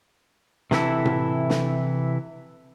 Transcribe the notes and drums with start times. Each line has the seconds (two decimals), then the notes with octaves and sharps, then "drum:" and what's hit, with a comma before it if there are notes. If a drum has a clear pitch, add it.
0.71 C3 E3 E4 A4, drum: snare
1.05 drum: tom A2
1.50 drum: snare